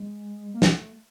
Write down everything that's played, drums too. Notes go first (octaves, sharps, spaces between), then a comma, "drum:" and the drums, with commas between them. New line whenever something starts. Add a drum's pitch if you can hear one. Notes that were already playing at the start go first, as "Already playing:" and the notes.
Already playing: G#3
A#3
A3, drum: snare